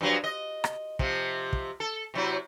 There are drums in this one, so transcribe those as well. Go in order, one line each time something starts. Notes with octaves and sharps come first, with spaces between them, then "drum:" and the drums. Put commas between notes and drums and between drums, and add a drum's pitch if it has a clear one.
G2 F3 F#3
D#5
drum: rim click
C3 F3, drum: kick
drum: kick
A4
C3 F#3 E4